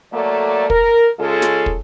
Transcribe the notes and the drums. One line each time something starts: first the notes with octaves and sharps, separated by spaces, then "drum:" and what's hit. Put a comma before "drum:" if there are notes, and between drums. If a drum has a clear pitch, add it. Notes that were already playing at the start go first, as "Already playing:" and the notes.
F#3 A3 A#3 A4 D5
A#4, drum: kick
C#3 G#3 F4 G#4 A4
drum: snare
drum: kick